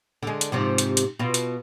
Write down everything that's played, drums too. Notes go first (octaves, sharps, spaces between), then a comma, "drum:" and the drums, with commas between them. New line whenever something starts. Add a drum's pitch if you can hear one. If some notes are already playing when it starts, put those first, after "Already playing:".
D3 G#3
drum: hi-hat
G#2 C3 F3
drum: hi-hat
drum: hi-hat
B2 F4
drum: hi-hat